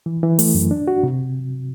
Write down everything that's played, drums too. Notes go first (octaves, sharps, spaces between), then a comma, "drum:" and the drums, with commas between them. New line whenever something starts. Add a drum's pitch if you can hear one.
E3
E3
A3, drum: open hi-hat
F#2
D4
F#4
C3